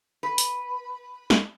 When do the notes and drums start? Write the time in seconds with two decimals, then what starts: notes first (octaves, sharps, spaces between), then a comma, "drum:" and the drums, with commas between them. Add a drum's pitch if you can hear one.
0.23 B4
0.38 drum: hi-hat
1.30 drum: snare